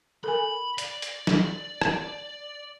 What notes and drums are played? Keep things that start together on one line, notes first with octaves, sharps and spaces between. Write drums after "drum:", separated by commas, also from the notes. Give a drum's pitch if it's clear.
A4 A#4 G#5 B5
D5, drum: hi-hat
drum: hi-hat
drum: snare
drum: rim click